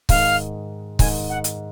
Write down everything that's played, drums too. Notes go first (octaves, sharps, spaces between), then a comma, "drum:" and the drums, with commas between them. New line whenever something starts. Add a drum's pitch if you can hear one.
G#2 D#3 G#3 F5, drum: kick C#1, open hi-hat
G#2 D#3 G#3 G#5, drum: kick C#1, open hi-hat
F#5
drum: hi-hat